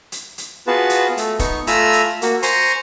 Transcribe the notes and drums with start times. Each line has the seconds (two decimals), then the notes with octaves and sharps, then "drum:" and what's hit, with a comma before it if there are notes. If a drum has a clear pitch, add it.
0.12 drum: hi-hat
0.38 drum: hi-hat
0.67 B3 F4 F#4 G#4 B4 A5
0.90 drum: hi-hat
1.17 A3, drum: hi-hat
1.39 B3 D#4 C#6, drum: kick E1, hi-hat
1.67 A3 F4 G#5 A#5 B5 E6, drum: hi-hat
1.93 drum: hi-hat
2.22 A#3 F#4, drum: hi-hat
2.43 C5 G#5 A#5 C6 C#6, drum: hi-hat